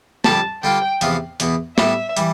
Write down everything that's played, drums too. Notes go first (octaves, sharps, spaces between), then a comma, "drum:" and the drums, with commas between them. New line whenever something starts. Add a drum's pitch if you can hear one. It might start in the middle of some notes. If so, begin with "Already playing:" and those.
F2 D3 G3 D4 G4 A5, drum: snare
D3 G3 D4 F4 G5
E2 C3 F3 B3 F4, drum: hi-hat
E2 B2 B3, drum: hi-hat
A2 G3 B3 E5, drum: snare
E3 G3, drum: hi-hat